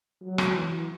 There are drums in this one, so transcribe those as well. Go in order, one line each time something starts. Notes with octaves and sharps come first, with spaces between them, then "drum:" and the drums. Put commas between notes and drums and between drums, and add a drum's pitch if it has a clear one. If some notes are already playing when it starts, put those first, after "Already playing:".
F#3
drum: rim click
E3